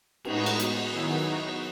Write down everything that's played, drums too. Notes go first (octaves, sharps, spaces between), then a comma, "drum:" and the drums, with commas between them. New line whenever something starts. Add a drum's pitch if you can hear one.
A2 G#3 B3 D#4 F#4, drum: cymbal
drum: cymbal
drum: hi-hat
D#3 F#3 B3 E4 G#4
D#4 F#4